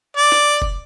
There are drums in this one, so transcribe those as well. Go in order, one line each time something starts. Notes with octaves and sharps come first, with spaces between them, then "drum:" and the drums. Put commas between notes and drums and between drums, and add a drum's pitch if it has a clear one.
D5
drum: snare
drum: kick F1